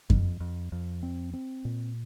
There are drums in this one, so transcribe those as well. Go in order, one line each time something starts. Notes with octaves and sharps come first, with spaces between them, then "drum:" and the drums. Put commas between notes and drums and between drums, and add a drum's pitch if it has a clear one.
F2, drum: kick F#2
F2
F2
C4
C4
A#2